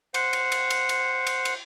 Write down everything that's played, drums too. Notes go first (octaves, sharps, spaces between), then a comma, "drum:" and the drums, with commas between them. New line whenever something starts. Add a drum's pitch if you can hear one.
C5 F#5, drum: cymbal
drum: cymbal
drum: cymbal
drum: cymbal
drum: cymbal
drum: cymbal
drum: cymbal